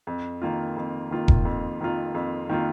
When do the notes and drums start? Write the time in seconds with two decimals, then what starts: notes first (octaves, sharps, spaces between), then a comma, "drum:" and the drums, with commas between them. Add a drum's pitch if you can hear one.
0.07 F2
0.42 D#3 A#3 F4
0.76 F2
1.11 D#3 A#3 F4
1.28 drum: kick E1
1.45 F2
1.81 D#3 A#3 F4
2.15 F2
2.49 D#3 A#3 F4